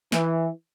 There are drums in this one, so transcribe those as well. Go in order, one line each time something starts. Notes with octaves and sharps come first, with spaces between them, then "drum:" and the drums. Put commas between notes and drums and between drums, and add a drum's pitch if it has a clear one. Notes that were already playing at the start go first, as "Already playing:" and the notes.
E3, drum: snare